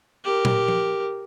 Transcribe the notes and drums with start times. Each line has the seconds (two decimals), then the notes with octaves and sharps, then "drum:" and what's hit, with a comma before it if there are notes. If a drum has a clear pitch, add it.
0.24 G4 A#4
0.45 drum: tom A#2
0.68 drum: tom F3